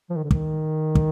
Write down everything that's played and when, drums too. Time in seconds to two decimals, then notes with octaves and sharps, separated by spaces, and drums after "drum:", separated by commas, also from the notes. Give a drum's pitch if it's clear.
0.10 F3
0.16 D#3
0.23 D3
0.31 D#3, drum: kick
0.95 drum: kick